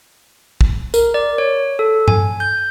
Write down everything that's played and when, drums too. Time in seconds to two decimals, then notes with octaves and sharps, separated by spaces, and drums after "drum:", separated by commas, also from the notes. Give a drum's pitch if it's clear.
0.61 drum: kick
0.94 A#4, drum: tambourine
1.14 D5
1.38 C#5
1.79 A4
2.08 G#5, drum: tom G2
2.40 G6